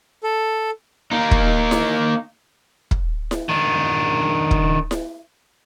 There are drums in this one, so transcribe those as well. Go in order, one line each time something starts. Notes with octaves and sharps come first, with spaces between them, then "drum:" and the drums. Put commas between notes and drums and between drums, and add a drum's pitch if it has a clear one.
A4
A#3 D#4
drum: kick
drum: snare E4
drum: kick
drum: snare E4
D#3 D4
drum: kick
drum: snare E4